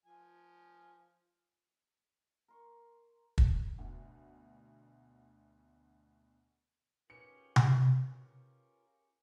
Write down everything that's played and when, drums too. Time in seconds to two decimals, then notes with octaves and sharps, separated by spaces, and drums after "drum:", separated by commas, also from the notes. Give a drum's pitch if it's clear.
0.05 F3 G#5
2.48 A#4 C6 C#6
3.38 drum: kick
3.78 D2 B2
7.10 C#4 F4 G4 G#4 A#4 B4 C#7
7.56 drum: tom C3